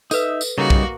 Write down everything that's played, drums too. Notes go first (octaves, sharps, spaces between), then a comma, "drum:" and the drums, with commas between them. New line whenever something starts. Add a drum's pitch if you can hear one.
D#4 A4 B4 E5, drum: tambourine
drum: tambourine
C#3 G3 A#3 D#4 F#4 A#4 A#5 C#6
drum: kick B1